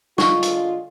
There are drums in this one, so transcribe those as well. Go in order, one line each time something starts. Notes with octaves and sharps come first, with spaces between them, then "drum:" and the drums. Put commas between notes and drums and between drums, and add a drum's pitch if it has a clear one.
D3 G#3 F4 C#6, drum: snare
drum: hi-hat